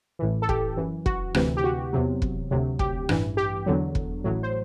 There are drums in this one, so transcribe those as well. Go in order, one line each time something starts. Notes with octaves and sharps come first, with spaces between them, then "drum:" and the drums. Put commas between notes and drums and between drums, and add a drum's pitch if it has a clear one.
A1 A2 E3
A4
G4, drum: kick
F#2 E3
F#4, drum: kick
D2 C3 E3, drum: rim click
G4
F#4
E2 C3 F#3
drum: kick
D2 C3 F#3
G4, drum: kick
A1 G2 E3, drum: rim click
G4
E2 D3 F#3
drum: kick
A1 A2 F#3
C5